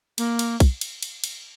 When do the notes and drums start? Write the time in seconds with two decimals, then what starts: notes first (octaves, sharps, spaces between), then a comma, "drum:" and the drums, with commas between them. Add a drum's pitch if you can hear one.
0.18 A#3, drum: cymbal
0.39 drum: cymbal
0.60 drum: kick, cymbal
0.81 drum: cymbal
1.02 drum: cymbal
1.24 drum: cymbal